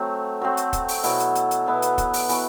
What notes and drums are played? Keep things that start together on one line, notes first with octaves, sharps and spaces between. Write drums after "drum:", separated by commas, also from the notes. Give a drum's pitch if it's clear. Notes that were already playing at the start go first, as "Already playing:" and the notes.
Already playing: F#3 A3 C4
F#3 A3 C4
drum: hi-hat
drum: kick, hi-hat
drum: open hi-hat
B2 F#3 B3 E4, drum: open hi-hat
drum: hi-hat
drum: hi-hat
drum: hi-hat
B2 F#3 B3 E4
drum: hi-hat
drum: kick, hi-hat
drum: open hi-hat
E3 B3 F#4, drum: open hi-hat